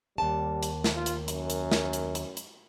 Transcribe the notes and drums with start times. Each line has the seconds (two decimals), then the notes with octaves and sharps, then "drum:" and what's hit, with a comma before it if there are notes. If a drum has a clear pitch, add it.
0.18 D#2 G3 A5
0.63 drum: hi-hat
0.84 drum: snare
0.96 F4
1.06 drum: hi-hat
1.28 F#2, drum: hi-hat
1.50 drum: hi-hat
1.71 drum: snare
1.93 drum: hi-hat
2.15 drum: hi-hat
2.37 drum: hi-hat